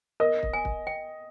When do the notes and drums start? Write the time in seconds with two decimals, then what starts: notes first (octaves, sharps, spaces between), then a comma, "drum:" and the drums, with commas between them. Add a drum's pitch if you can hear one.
0.20 A#4 D#5
0.43 drum: kick
0.53 G#5
0.65 drum: kick
0.87 G5